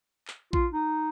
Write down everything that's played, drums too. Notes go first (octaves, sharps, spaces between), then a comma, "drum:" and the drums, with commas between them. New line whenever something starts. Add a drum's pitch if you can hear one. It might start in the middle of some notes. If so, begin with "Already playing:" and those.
drum: clap
F4, drum: kick A#1
D#4